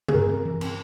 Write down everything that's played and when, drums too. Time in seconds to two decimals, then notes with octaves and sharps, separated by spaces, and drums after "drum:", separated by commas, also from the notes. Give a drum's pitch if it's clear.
0.08 G#4, drum: tom C3
0.14 G2 A#4
0.29 C4
0.45 E3
0.61 C4, drum: cymbal